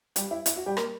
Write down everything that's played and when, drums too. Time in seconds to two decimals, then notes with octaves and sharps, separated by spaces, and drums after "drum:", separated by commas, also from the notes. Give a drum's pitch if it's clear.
0.16 G3 G4, drum: hi-hat
0.31 E4
0.46 E4, drum: hi-hat
0.56 F#4
0.66 G3 G4
0.77 A#3 A#4, drum: rim click